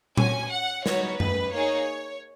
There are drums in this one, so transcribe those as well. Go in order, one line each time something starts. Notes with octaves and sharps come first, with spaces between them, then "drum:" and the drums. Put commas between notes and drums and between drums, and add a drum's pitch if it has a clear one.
C#4 F#4 G#5, drum: tom A#2
F#5
B3 D#4 F#4 C#5, drum: snare
B4, drum: tom F#2
A#3 D#4 G#4 C#5